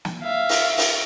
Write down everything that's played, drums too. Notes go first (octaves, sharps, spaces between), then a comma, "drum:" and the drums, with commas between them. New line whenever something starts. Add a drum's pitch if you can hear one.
drum: snare
E5 F5
drum: open hi-hat
drum: open hi-hat